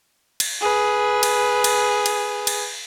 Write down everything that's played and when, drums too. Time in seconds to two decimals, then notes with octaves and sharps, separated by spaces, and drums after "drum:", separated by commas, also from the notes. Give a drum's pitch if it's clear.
0.40 drum: cymbal
0.61 G#4 B4
1.23 drum: cymbal
1.64 drum: cymbal
2.06 drum: cymbal
2.47 drum: cymbal